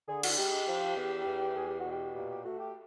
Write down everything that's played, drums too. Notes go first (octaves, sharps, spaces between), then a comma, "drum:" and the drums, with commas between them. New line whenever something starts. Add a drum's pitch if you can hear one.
D3 G#4
F#4, drum: cymbal
G#3 G4
F3
E2
E2
E2 G#4
G4
F#4
B2
G4
A#2 G4
G4
A3 F#4
G4